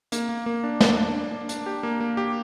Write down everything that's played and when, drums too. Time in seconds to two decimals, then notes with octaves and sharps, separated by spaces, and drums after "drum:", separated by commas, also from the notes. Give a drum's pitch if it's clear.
0.12 A#3, drum: hi-hat
0.29 A#3
0.46 A#3
0.64 D4
0.80 D4, drum: snare
0.98 D4
1.15 D4
1.32 D4
1.49 D4, drum: hi-hat
1.66 G4
1.83 A#3
2.00 A#3
2.17 G4